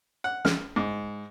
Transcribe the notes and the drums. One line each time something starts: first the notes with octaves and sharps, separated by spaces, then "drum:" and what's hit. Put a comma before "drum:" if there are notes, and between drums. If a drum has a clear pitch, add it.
F#5
F6, drum: snare
G#2